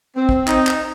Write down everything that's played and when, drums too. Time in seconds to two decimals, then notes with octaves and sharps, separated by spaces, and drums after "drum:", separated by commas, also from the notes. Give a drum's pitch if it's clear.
0.15 C4
0.29 drum: kick
0.48 D#4, drum: clap
0.67 drum: clap